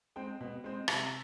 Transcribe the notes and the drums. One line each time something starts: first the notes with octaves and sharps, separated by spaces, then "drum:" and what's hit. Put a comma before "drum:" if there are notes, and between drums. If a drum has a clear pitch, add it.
G#3 C4 G5
B2
G#3 C4
C3 E5, drum: rim click